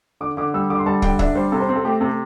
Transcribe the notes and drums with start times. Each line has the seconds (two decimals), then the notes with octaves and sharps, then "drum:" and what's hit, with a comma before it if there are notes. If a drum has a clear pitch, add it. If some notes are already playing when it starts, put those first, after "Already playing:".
0.21 D3 D6
0.37 D3 D6
0.54 G3 E6
0.70 D3 D6
0.78 C6
0.86 G3 A5
1.02 D3 G5, drum: kick
1.19 D4 E5, drum: kick
1.35 G3 C5
1.52 C3 A4
1.60 C5
1.69 C4
1.76 A4
1.84 A3 G4
2.00 C3 A4